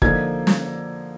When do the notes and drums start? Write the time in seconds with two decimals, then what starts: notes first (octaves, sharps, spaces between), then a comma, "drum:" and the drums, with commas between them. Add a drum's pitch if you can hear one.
0.02 D3 F3 A#3 D#4 G#6, drum: kick
0.47 drum: snare